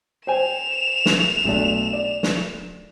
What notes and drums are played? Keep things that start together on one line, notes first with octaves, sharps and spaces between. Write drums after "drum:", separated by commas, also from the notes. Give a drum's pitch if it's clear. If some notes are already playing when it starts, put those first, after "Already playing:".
C5 G5 G#5 E7 F7
drum: snare
B1 A3 D4
D5
drum: snare